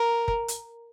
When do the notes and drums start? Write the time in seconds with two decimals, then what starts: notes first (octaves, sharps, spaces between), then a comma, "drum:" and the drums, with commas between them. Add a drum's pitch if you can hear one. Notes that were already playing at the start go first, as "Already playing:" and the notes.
Already playing: A#4
0.28 drum: kick
0.48 drum: hi-hat